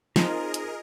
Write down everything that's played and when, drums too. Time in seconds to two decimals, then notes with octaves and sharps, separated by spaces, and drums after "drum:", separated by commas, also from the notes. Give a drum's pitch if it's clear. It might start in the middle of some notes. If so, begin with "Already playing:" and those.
0.16 C4 D#4 F4 G#4 A#4 D#5 G5 A#5, drum: snare
0.54 drum: hi-hat